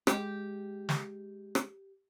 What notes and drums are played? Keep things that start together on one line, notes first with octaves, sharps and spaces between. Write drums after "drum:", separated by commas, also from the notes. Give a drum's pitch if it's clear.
G#3 G4, drum: rim click
drum: snare
drum: rim click